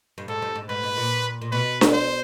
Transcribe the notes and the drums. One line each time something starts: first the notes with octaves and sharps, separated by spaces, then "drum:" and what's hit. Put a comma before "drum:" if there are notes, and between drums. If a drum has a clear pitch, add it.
G2
G#2 A4
G2
G#2
G#2 B4
G#2
A#2
A#2
B2 B4
drum: snare D4
C5